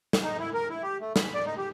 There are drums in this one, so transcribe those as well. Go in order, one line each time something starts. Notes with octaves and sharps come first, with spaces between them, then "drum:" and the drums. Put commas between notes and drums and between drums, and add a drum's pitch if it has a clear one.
drum: snare
D#4
E4
A#4
E4
G4
A3
B5, drum: snare
D5
D#4
G4